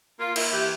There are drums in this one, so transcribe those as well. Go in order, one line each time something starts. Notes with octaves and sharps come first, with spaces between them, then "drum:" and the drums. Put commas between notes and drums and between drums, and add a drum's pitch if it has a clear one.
A#3 F4
A#3 E4, drum: cymbal
E3 G4